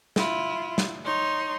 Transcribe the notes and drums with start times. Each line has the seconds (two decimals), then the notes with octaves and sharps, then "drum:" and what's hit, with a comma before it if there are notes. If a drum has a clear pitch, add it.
0.16 E4 F4, drum: snare
0.78 drum: snare
1.05 D#4 C#5 C6